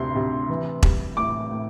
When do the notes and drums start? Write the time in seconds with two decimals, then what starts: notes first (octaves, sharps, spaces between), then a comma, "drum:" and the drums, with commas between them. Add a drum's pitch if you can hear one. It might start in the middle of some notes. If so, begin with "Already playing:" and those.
Already playing: D2 C3 C6
0.15 C3
0.49 E3
0.83 G3, drum: kick E1
1.17 A2 D6
1.51 A2